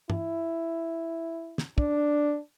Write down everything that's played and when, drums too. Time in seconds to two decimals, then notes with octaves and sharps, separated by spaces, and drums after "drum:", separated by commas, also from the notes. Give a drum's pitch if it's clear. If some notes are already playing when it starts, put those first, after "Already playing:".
0.10 E4, drum: tom G2
1.58 drum: snare
1.78 D4, drum: kick